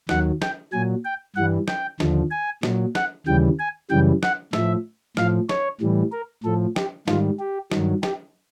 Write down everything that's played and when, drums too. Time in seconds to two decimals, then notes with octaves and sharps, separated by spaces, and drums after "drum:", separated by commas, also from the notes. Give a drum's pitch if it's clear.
0.09 D#2 D#3 F#3 F#5, drum: snare
0.42 G5, drum: snare
0.73 A#2 F#3 G#5
1.05 G5
1.36 G2 E3 G3 F#5
1.68 G5, drum: snare
2.00 D#2 D3 F3, drum: snare
2.31 G#5
2.63 A#2 F#3, drum: snare
2.95 F#5, drum: snare
3.26 D#2 C#3 E3 G3 G5
3.59 G#5
3.90 F#2 C#3 E3 G3 G5
4.23 F#5, drum: snare
4.53 A2 F3 E5, drum: snare
5.17 A2 F3 F5, drum: snare
5.49 C#5, drum: snare
5.81 A2 E3 G3
6.12 A#4
6.44 A2 F3 A4
6.76 G4, drum: snare
7.08 G#2 D#3 G3 F4, drum: snare
7.39 G4
7.71 G2 D#3 F#3, drum: snare
8.03 G4, drum: snare